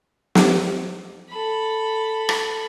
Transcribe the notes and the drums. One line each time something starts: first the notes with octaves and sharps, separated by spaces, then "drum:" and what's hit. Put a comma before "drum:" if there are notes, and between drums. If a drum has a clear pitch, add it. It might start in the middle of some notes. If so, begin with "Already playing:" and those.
drum: snare
A4 B5
drum: rim click